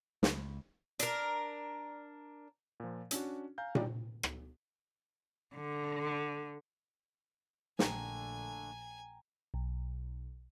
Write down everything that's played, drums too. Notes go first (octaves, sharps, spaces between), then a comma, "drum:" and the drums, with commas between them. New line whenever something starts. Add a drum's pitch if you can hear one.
C#2, drum: snare
D4 A#4, drum: hi-hat
A#2 F3
C#4 D4 F#4, drum: hi-hat
F5 G#5 A#5 G6
G3 C#4 D#4 E4 G4 D5, drum: tom A#2
drum: rim click
D3
A#1 D3 A3 D4 G5 G#5 A#5, drum: snare
B1